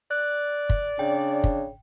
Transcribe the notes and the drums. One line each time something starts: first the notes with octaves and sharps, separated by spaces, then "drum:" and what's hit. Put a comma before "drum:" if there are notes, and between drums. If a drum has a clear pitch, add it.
D5 F#6
drum: kick
C#3 D4 G5
drum: kick